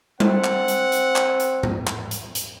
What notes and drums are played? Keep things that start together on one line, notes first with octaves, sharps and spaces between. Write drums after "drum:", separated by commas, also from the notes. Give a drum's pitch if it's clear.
C4 F#5, drum: tom G3
drum: clap
drum: hi-hat
drum: hi-hat
drum: clap
drum: hi-hat
drum: tom G#2
drum: clap
drum: hi-hat
drum: hi-hat